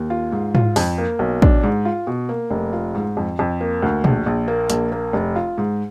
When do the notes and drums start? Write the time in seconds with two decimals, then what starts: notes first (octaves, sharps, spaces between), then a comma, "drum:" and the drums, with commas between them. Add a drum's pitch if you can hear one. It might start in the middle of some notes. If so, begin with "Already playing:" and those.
Already playing: D#2
0.10 F4
0.32 G#2
0.55 F4, drum: tom
0.76 F2, drum: open hi-hat
0.98 A#3
1.19 B1
1.42 D4, drum: kick
1.63 G#2
1.85 F4
2.07 B2
2.29 A#3
2.51 F1
2.73 F4
2.95 G#2
3.17 F2
3.39 F2
3.61 A#3
3.82 D2
4.04 A#1, drum: tom A#2
4.26 A#1
4.48 A#3
4.70 A#1, drum: hi-hat
4.92 A#3
5.13 F1
5.36 F4
5.58 G#2